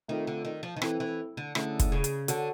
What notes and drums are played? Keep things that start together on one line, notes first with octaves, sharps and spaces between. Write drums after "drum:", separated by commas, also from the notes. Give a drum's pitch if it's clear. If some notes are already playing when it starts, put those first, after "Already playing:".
D#3 A3 C4 F4 A4
D3
D#3
F3
D#3
E3 C4 E4 A4, drum: rim click
E3
D3
D3 A3 C#4 E4 G#4, drum: rim click
drum: kick, hi-hat
C#3
drum: hi-hat
D3 F#4 A4 C#5 F#5 A5, drum: hi-hat